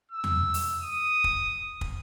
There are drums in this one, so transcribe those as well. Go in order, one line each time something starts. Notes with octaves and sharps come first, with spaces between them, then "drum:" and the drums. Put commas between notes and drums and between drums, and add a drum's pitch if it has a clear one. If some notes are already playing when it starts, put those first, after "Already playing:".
E6
drum: tom E2
drum: open hi-hat
D#6
drum: kick
drum: kick